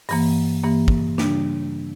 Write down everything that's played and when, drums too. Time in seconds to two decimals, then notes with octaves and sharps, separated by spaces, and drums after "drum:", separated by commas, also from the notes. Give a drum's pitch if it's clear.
0.09 G2 E3 A#3, drum: open hi-hat
0.64 G2 E3 A#3
0.88 drum: kick
1.18 C#3 G3 D4, drum: snare